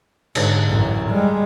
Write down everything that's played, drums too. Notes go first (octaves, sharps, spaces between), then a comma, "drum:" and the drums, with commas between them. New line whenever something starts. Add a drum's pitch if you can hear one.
G#2 D3, drum: cymbal
A1 F#2
G3 G#3